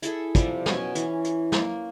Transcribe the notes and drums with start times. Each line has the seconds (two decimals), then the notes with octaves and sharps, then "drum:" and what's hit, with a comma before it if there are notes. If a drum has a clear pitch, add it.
0.02 E4 G#4 A4 E5, drum: hi-hat
0.35 C3 F3 G3 C4, drum: kick, hi-hat
0.66 B2 C#4 G#5, drum: snare
0.95 E3 C#4, drum: hi-hat
1.24 drum: hi-hat
1.52 A#3, drum: snare